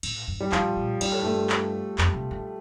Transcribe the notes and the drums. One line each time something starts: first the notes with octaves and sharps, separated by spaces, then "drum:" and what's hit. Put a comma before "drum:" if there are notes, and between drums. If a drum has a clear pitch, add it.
A2, drum: cymbal
G2
G3
A2 F3, drum: clap
A#2
G2 G3, drum: cymbal
A2
G2 A3
drum: clap
F2, drum: clap
C3
D3